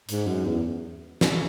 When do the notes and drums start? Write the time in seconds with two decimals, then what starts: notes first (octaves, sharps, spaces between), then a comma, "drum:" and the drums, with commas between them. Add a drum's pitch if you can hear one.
0.09 G#2, drum: hi-hat
0.27 F#2
0.45 E2
1.21 drum: snare